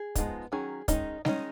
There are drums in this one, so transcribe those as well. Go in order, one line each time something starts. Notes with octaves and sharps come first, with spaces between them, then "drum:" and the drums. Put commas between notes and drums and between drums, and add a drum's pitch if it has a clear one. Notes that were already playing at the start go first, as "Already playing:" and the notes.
Already playing: G#4
F3 G#3 B3 D#4, drum: kick, hi-hat
D#3 F#3 C#4 G#4
D#3 G#3 C#4 D#4, drum: kick, hi-hat
D#3 G#3 C#4 D#4, drum: snare G3